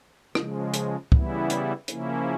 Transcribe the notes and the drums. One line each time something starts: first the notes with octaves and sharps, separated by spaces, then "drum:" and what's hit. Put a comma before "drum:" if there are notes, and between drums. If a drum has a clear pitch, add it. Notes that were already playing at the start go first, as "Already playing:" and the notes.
C#3 F3 G#3, drum: rim click
drum: hi-hat
C#3 E3 G3 B3 E4, drum: kick
drum: hi-hat
C#3 F3 A#3 C#4 E4, drum: hi-hat